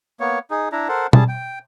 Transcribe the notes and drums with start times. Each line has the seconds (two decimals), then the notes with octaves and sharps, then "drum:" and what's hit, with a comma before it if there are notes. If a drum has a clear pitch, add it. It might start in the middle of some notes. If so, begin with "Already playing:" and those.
0.20 A#3 B3 C#5
0.51 D#4 G#4
0.72 D4 E4 A#5
0.88 A4 A#4 C5 F#5
1.13 G3 G#4 A5, drum: tom B2
1.29 G5